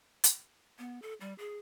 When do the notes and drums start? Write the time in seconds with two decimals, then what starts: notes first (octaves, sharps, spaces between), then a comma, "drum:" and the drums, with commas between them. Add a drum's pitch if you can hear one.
0.24 drum: hi-hat
0.78 B3
1.02 A4
1.21 G3
1.38 G#4